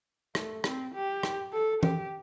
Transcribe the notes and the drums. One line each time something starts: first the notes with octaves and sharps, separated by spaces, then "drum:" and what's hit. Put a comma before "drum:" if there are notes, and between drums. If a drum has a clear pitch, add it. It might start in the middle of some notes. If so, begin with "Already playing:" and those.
A3, drum: rim click
C4, drum: rim click
G4
drum: rim click
A4
G4, drum: tom E3